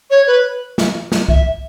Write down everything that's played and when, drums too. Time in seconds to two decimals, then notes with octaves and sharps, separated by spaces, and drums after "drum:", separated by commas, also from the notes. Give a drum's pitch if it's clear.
0.10 C#5
0.27 B4
0.78 drum: snare
1.12 drum: snare
1.28 E5, drum: kick